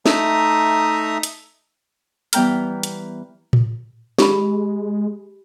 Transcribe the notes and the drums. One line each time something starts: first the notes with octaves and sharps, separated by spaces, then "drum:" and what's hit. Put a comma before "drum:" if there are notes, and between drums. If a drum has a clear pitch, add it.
A3 D#4 E5 A#5 D#6, drum: snare
drum: hi-hat
E3 G3 B3 G5 A#5 F6, drum: hi-hat
drum: hi-hat
drum: tom A2
G#3 G4 B5, drum: snare